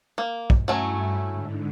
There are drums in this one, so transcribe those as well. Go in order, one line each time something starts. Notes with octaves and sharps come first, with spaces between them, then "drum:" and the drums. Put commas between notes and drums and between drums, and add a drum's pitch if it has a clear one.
A#3
drum: kick
G2 F#3 A3 C#4 E4
G#2 D3